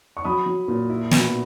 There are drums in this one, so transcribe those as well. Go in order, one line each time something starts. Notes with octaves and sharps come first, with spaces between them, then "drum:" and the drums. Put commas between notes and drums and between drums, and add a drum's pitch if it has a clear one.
C#6
F#3 B5 D#6
F#3
A#2
E4
B2, drum: snare